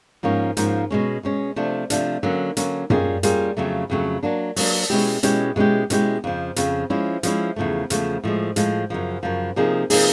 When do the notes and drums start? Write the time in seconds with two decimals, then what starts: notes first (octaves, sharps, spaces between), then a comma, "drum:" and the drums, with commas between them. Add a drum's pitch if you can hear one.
0.23 G#2 F3 A#3 C#4
0.57 G#2 F3 A#3 C#4, drum: hi-hat
0.91 B2 G#3 C#4
1.23 B2 G#3 C#4
1.56 C3 F3 A3 D4
1.90 C3 F3 A3 D4, drum: hi-hat
2.23 D3 F#3 A#3 C#4
2.57 D3 F#3 A#3 C#4, drum: hi-hat
2.90 G3 A#3 C#4 F4 G#4, drum: tom F#2
3.23 G3 A#3 C#4 F4 G#4, drum: hi-hat
3.57 F2 C#3 F#3 A3
3.90 F2 C#3 F#3 A3
4.23 F#3 A#3 D4
4.56 F#3 A#3 D4, drum: open hi-hat
4.90 B2 G#3 C#4 E4 G4
5.23 B2 G#3 C#4 E4 G4, drum: hi-hat
5.56 B2 G#3 C#4 E4 G4
5.90 B2 G#3 C#4 E4 G4, drum: hi-hat
6.24 F2 C#3 F3
6.56 F2 C#3 F3, drum: hi-hat
6.90 F3 G#3 C#4 E4
7.23 F3 G#3 C#4 E4, drum: hi-hat
7.56 E2 C#3 F3 A3
7.90 E2 C#3 F3 A3, drum: hi-hat
8.24 A2 F3 G#3
8.56 A2 F3 G#3, drum: hi-hat
8.90 F#2 C#3 F3
9.23 F#2 C#3 F3
9.56 C3 F3 A#3 D#4 G#4
9.90 C3 F3 A#3 D#4 G#4, drum: open hi-hat